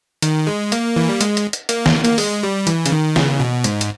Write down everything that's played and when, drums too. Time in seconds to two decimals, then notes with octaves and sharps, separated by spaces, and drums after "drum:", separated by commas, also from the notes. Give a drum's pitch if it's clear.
0.22 D#3, drum: hi-hat
0.47 G#3
0.72 A#3, drum: hi-hat
0.96 E3
1.09 G3
1.21 G#3, drum: hi-hat
1.37 drum: hi-hat
1.53 drum: hi-hat
1.69 A#3, drum: hi-hat
1.86 drum: snare
2.05 A#3, drum: hi-hat
2.18 G#3, drum: open hi-hat
2.43 G3
2.67 E3, drum: hi-hat
2.86 C#3, drum: hi-hat
2.92 D#3
3.16 C#3, drum: snare
3.40 B2
3.64 G#2, drum: hi-hat
3.81 drum: hi-hat